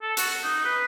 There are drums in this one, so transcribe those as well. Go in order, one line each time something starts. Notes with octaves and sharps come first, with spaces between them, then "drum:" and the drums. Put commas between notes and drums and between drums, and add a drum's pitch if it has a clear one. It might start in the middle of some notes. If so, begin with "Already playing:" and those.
A4
F#4, drum: hi-hat
D#4
B4